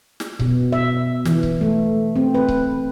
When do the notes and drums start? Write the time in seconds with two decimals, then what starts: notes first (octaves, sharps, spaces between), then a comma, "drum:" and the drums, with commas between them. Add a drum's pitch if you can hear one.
0.20 drum: snare
0.40 B2, drum: kick C#1
0.72 E5
1.25 E3, drum: snare
1.43 drum: kick C#1
1.61 A3
2.16 C4
2.34 B4
2.48 drum: kick C#1